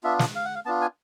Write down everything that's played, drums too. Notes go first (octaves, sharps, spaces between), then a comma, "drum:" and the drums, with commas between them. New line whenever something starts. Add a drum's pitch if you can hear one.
B3 D4 F4 E5
drum: snare
F5
F#5
F5
B3 D4 F4 A5
G#5